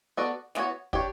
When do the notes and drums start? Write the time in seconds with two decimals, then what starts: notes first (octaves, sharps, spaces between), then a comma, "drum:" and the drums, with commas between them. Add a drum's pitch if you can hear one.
0.17 B3 F#4 A4 D5
0.55 E3 B3 F#4 C#5, drum: snare
0.93 D4 G4 C#5, drum: kick